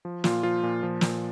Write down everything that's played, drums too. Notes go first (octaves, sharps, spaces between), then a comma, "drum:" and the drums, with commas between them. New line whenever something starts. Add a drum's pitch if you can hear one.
F3
A#2 F4, drum: snare
F3 F4
A#2
F3
A#2, drum: snare